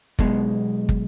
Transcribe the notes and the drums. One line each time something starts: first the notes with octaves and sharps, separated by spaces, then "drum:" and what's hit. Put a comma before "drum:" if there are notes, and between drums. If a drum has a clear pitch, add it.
B1 B2 G#3, drum: kick
drum: kick